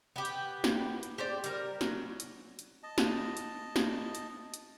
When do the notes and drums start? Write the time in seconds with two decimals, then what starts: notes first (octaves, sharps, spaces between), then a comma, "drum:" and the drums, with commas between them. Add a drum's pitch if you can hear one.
0.16 B3 G4
0.25 drum: hi-hat
0.64 drum: snare
1.03 drum: hi-hat
1.18 G4 C5 D5
1.44 G3 A#4, drum: hi-hat
1.81 F#3, drum: snare
2.20 drum: hi-hat
2.59 drum: hi-hat
2.83 D#5 A5
2.98 drum: snare
3.37 drum: hi-hat
3.76 drum: snare
4.15 drum: hi-hat
4.54 drum: hi-hat